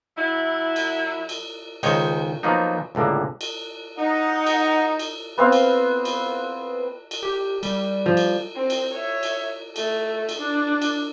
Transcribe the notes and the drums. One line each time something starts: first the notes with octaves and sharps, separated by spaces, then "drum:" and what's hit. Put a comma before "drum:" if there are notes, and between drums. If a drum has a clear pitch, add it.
F#3 E4
drum: cymbal
drum: cymbal
C#2 D#3 D#4 C5 C#5, drum: cymbal
F3 F#3 A#3 B3 D#4
C#2 A2 D3 A#3
drum: cymbal
D#4 F#5
drum: cymbal
drum: cymbal
B3 C4 F5
drum: cymbal
drum: cymbal
drum: cymbal
G4
G3, drum: cymbal
F3
drum: cymbal
C4
drum: cymbal
C#5 E5
drum: cymbal
A3, drum: cymbal
drum: cymbal
D4
drum: cymbal